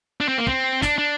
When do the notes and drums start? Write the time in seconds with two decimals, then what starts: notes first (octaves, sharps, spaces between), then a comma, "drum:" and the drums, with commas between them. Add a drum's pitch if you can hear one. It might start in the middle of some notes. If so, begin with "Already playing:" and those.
0.21 D4
0.28 C4
0.38 A#3
0.47 C4, drum: kick
0.82 D4, drum: snare
0.98 D4